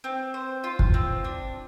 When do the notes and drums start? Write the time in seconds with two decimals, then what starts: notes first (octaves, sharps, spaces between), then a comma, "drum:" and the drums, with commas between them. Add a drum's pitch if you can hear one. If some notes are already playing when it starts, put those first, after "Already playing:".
0.04 C4
0.34 C5
0.64 F4
0.79 drum: kick
0.94 C4
1.24 D4